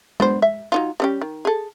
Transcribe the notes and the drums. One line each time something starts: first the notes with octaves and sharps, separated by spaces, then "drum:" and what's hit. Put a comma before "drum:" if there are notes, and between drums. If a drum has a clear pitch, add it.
B3 D4 C5, drum: tom G#3
E5
F#3 D#4 F4
G3 C#4 G4
D#3
G#4 A4